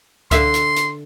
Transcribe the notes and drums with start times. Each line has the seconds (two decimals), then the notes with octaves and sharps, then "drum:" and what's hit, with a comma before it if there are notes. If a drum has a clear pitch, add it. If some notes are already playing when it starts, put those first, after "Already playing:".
0.31 D3 E5 F5 C6, drum: kick C#2, hi-hat
0.54 drum: hi-hat
0.76 drum: hi-hat